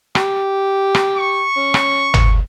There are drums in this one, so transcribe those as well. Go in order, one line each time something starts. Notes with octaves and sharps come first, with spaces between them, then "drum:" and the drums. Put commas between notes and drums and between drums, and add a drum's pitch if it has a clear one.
G4, drum: rim click
drum: rim click
C#6
C#4
drum: rim click
drum: tom